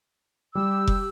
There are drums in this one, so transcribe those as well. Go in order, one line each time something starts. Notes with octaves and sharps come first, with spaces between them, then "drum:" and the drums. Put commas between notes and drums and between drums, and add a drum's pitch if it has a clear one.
G3 G4 E6
drum: kick F1